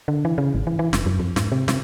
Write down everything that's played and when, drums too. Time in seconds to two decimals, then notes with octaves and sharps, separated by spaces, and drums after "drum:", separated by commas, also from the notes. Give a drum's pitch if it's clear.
0.08 D3
0.25 E3
0.38 C#3
0.55 G#1
0.67 E3
0.79 E3
0.93 F1, drum: snare
1.06 F#2
1.20 F2
1.36 G#2, drum: snare
1.52 C3
1.68 C3, drum: snare